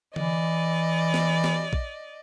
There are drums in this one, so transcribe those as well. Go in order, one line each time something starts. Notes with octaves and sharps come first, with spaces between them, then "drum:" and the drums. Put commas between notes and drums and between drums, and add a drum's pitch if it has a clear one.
E3 D5 D#5, drum: tom D3
drum: snare
drum: snare
drum: kick A#1